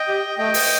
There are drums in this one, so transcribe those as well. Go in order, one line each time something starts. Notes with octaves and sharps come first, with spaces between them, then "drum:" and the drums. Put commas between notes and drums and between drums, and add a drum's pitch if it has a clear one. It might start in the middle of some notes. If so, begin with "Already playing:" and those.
Already playing: D#5 G5
G4
A3 D#5 G5
drum: open hi-hat